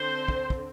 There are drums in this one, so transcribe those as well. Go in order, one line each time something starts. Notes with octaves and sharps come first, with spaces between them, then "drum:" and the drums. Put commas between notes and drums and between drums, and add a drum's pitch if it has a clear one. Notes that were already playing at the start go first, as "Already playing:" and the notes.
Already playing: D3 C4 C5
drum: kick
drum: kick